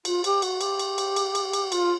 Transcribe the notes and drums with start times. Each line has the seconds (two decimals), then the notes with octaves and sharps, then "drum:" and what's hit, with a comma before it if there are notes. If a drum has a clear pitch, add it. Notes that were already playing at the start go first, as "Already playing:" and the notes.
0.05 F4, drum: cymbal
0.24 G4, drum: cymbal
0.42 F#4, drum: cymbal
0.61 G4, drum: cymbal
0.79 drum: cymbal
0.98 drum: cymbal
1.16 drum: cymbal
1.35 drum: cymbal
1.53 drum: cymbal
1.72 F4, drum: cymbal